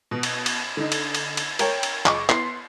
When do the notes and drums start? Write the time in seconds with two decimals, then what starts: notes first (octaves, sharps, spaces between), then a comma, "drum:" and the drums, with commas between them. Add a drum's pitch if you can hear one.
0.11 B2
0.23 drum: cymbal
0.46 drum: cymbal
0.77 D3 D#4
0.92 drum: cymbal
1.15 drum: cymbal
1.37 drum: cymbal
1.59 A#4 C#5 G5, drum: cymbal
1.83 drum: cymbal
2.06 F#1 D#5 C#6 D6, drum: clap
2.29 B3 E4 C6 C7, drum: clap